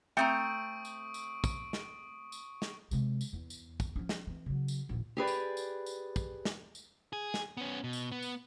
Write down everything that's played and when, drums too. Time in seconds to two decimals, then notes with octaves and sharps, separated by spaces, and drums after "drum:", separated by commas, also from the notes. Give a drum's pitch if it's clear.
0.17 A3 C4 G5 A#5 C#6 D#6 D7
0.85 drum: tambourine
1.14 drum: tambourine
1.44 drum: kick, tambourine
1.73 drum: snare
2.32 drum: tambourine
2.62 drum: snare
2.91 C3 G#3, drum: tambourine
3.21 drum: tambourine
3.33 E2
3.50 drum: tambourine
3.80 drum: kick, tambourine
3.96 F3 C#4
4.09 drum: snare
4.27 E3 C4
4.46 C#3 F#3
4.68 drum: tambourine
4.89 A#1 D#2
5.17 G4 G#4 B4 D5
5.27 drum: tambourine
5.57 drum: tambourine
5.86 drum: tambourine
6.16 drum: kick, tambourine
6.45 drum: snare
6.75 drum: tambourine
7.13 G#4
7.34 drum: snare
7.57 B3 C#4
7.84 B2
7.93 drum: tambourine
8.12 B3
8.22 drum: tambourine